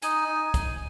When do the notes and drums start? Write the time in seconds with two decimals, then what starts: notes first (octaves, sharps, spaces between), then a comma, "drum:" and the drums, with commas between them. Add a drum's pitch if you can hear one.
0.02 D#4 G#5, drum: hi-hat
0.28 D#4
0.54 drum: kick, hi-hat